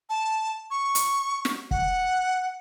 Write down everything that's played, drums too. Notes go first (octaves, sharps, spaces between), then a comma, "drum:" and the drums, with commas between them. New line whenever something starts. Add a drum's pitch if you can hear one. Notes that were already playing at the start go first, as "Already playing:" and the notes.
A5
C#6
drum: hi-hat
drum: snare
F#5, drum: kick